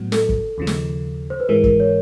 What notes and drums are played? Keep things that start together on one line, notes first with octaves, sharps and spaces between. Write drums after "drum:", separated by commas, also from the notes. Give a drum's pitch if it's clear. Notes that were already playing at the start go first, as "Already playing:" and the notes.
Already playing: A2 F#3 B3
A4, drum: snare
drum: kick
D#2 C#3 F3
drum: snare
C5
B4
G#2 E3 G#3 A#4
A#4, drum: kick
C#5